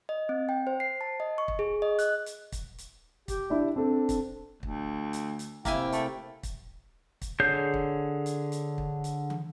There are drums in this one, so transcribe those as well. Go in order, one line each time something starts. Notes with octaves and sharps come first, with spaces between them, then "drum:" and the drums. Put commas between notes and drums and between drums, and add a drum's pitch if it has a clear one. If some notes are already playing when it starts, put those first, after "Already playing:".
D#5
C4
G5
C5
C7
A5
D#5
C#6
drum: kick
G#4
D#5
F#6, drum: hi-hat
drum: hi-hat
drum: kick, hi-hat
drum: hi-hat
G4, drum: kick, hi-hat
D4 E4
C4 D4 A4
drum: kick, hi-hat
D2, drum: kick
drum: hi-hat
drum: hi-hat
C3 A#3 E4 E5 G5 G#5, drum: kick, hi-hat
A3, drum: hi-hat
drum: kick, hi-hat
drum: kick, hi-hat
D3 G#4 C#5 G6
drum: kick
drum: hi-hat
drum: hi-hat
drum: kick
drum: hi-hat
drum: tom